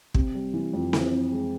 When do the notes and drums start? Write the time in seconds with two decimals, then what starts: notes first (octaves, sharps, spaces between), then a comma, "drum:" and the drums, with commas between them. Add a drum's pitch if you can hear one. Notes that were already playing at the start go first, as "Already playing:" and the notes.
0.14 C3, drum: kick
0.34 G3
0.54 E3
0.73 F2
0.93 E3, drum: snare C4
1.12 C4
1.32 G#3